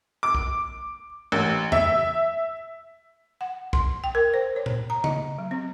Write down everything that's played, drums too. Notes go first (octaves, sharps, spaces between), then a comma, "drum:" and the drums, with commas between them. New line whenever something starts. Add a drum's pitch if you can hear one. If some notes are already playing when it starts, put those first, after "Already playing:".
D6
drum: kick
A1
E5, drum: tom
F#5
C6, drum: kick
G5
A#4
C5
C#5
drum: tom A#2
A#5
D#5, drum: tom
F#3
C4